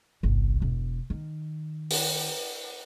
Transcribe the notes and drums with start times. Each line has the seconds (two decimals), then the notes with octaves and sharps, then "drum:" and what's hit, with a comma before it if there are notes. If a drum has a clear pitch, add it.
0.23 G1 C2
0.62 E1
1.10 D#3
1.91 drum: open hi-hat